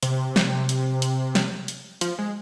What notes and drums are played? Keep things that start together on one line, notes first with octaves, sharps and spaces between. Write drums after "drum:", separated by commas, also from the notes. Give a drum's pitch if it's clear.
C3, drum: hi-hat
drum: snare
drum: hi-hat
drum: hi-hat
drum: snare
drum: hi-hat
F3, drum: hi-hat
G#3